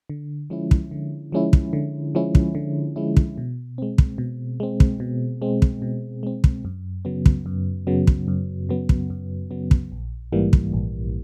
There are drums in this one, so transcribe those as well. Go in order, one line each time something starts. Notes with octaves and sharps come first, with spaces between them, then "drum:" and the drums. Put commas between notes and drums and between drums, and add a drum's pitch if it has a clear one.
D3
F3 G#3 C#4 E4
drum: kick
D3
F3 G#3 C#4 E4
drum: kick
D3
F3 G#3 C#4 E4
drum: kick
D3
F3 G#3 C#4 E4
drum: kick
B2
G#3 C4
drum: kick
B2
G#3 C4
drum: kick
B2
G#3 C4
drum: kick
B2
G#3 C4
drum: kick
F#2
C#3 F#3 B3
drum: kick
F#2
C#3 F#3 B3
drum: kick
F#2
C#3 F#3 B3
drum: kick
F#2
C#3 F#3 B3
drum: kick
A#1
G#2 E3 G3 A#3
drum: kick
A#1